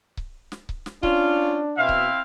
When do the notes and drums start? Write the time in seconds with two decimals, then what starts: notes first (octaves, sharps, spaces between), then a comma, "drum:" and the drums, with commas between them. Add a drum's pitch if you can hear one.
0.17 drum: kick C#1
0.52 drum: snare
0.69 drum: kick C#1
0.86 drum: snare
1.03 C#4 D4 F4, drum: kick C#1
1.78 B2 C4 E4 E5 F5
1.89 drum: kick C#1